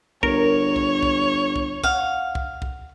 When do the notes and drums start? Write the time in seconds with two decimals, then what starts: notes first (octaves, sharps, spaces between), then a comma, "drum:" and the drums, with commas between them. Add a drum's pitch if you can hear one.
0.23 G1 A#4 C#5, drum: kick
0.76 drum: kick
1.03 drum: kick
1.56 drum: kick
1.83 F5 F#5, drum: kick
2.35 drum: kick
2.62 drum: kick